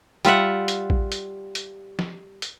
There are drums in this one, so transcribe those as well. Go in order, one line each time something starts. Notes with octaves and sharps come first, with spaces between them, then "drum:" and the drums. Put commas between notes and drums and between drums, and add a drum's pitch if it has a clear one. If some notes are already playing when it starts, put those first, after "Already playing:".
G3 F4 E5 F#5, drum: hi-hat
drum: hi-hat
drum: kick A1
drum: hi-hat
drum: hi-hat
drum: snare F3
drum: hi-hat